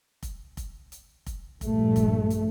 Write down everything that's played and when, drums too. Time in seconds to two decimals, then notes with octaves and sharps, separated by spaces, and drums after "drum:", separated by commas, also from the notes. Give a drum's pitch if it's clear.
0.23 drum: kick F1, hi-hat
0.57 drum: kick F1, hi-hat
0.92 drum: hi-hat
1.26 drum: kick F1, hi-hat
1.61 A#1 G2 A3, drum: kick F1, hi-hat
1.96 drum: kick F1, hi-hat
2.30 drum: hi-hat